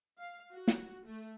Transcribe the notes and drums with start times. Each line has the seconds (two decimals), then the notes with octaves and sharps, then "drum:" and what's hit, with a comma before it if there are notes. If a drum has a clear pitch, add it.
0.19 F5
0.54 F#4
0.68 drum: snare
1.06 A3